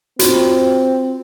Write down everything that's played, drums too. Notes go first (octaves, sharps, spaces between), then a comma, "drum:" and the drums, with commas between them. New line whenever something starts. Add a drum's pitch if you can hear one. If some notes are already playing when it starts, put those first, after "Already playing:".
C4 F4 F#4, drum: hi-hat